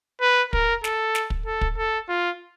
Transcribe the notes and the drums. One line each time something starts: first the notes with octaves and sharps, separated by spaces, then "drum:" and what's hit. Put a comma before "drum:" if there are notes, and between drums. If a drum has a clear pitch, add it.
B4
A#4, drum: kick
A4, drum: snare
drum: snare
drum: kick
A4
drum: kick
A4
F4